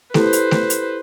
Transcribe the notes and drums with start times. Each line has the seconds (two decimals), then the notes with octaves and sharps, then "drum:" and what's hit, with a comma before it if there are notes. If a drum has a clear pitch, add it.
0.14 E4 G4 A4 B4 C5, drum: snare A3
0.33 drum: hi-hat
0.51 drum: snare A3
0.70 drum: hi-hat